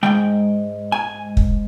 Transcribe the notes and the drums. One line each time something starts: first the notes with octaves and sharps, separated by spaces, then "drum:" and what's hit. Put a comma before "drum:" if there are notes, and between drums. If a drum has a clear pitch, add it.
G#2 D#3 G#3 G5
G#5
drum: kick